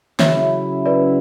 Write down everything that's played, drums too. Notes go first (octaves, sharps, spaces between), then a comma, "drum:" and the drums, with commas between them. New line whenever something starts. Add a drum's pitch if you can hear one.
C#3 F#3 C#4 E4 C#5 E5, drum: snare
B4 D5